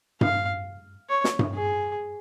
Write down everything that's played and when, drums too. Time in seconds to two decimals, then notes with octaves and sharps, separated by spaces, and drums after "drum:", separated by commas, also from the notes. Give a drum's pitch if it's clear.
0.21 F5, drum: tom G2
1.10 C#5
1.24 drum: snare
1.39 drum: tom G2
1.54 G#4